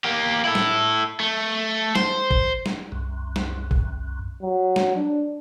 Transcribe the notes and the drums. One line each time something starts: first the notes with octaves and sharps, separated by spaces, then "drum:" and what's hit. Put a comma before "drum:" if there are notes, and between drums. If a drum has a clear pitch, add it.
A#3 G4
E4 A4
drum: snare
A3
C5, drum: snare
drum: kick
drum: snare
C2 F#2
drum: snare
drum: kick
F#3
drum: snare
D4